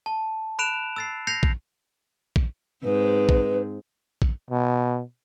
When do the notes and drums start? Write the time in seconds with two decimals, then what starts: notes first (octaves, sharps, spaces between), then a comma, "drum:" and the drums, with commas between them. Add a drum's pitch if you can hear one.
0.06 A5
0.59 B5 F#6 D7 E7 F7
0.96 E6 A6 C7
1.27 G6 A#6 C7 C#7 F7
1.43 drum: kick A#1
2.36 drum: kick A#1
2.83 G#2 G#3 C4 B4
3.29 drum: kick A#1
4.22 drum: kick A#1
4.51 B2